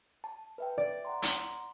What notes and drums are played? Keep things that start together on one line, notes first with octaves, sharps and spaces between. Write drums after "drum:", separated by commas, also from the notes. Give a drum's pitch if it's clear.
A5
B4 E5 G5
D5
F#5 A#5 C6
drum: hi-hat